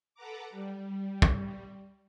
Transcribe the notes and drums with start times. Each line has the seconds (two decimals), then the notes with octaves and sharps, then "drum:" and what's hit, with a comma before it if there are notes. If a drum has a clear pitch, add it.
0.15 A4 B4 F#5 A#5 D6
0.50 G3
1.22 drum: kick